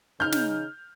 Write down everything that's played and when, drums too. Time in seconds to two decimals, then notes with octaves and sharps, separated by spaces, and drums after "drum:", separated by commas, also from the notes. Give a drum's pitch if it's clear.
0.20 C#3 D#4 F6 G6
0.32 drum: snare